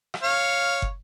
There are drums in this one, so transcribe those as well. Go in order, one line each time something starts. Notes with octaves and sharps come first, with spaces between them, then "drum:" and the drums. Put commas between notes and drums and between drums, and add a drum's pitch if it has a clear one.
drum: rim click
C#5 F5
drum: kick